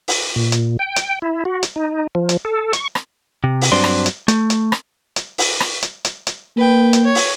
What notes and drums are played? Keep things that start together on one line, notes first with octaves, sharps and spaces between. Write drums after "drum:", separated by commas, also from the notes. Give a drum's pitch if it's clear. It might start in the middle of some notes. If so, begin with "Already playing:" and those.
drum: open hi-hat
A#2
drum: hi-hat
G5
drum: hi-hat
E4
F#4
drum: hi-hat
D#4
F3
drum: hi-hat
A4
C#6, drum: hi-hat
drum: rim click
C3
drum: open hi-hat
G2 F#3 C4 D4 C6
drum: rim click
drum: hi-hat
A3, drum: hi-hat
drum: hi-hat
drum: rim click
drum: hi-hat
drum: open hi-hat
drum: rim click
drum: hi-hat
drum: hi-hat
drum: hi-hat
A#3 B4 G5
drum: hi-hat
C#5
drum: open hi-hat